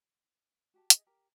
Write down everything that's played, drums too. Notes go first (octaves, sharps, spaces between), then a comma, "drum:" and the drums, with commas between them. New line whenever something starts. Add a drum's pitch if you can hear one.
F#4 G4 A5
G#4 D#5 E5, drum: hi-hat
G4 A#4 A#5